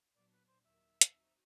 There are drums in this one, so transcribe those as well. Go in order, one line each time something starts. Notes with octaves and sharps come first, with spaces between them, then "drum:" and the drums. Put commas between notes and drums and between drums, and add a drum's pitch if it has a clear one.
A#2 F#3 B3 D4 D5
B4
C5
D#2 D#3 F#3 E5
drum: hi-hat
C4 D#4 F#4